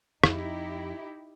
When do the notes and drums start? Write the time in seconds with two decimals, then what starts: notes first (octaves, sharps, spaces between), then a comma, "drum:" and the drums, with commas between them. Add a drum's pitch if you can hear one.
0.24 F2 D#4 E4 G4, drum: rim click